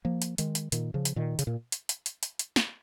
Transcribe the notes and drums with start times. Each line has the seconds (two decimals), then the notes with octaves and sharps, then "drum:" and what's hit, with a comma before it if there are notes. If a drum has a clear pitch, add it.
0.05 F3 A#3
0.22 drum: hi-hat
0.38 D#3 G#3, drum: hi-hat
0.55 drum: hi-hat
0.72 A#2 D#3, drum: hi-hat
0.94 C#3 F3
1.05 drum: hi-hat
1.16 A#2 D#3
1.39 C#3, drum: hi-hat
1.47 A#2
1.72 drum: hi-hat
1.89 drum: hi-hat
2.06 drum: hi-hat
2.23 drum: hi-hat
2.39 drum: hi-hat
2.56 drum: snare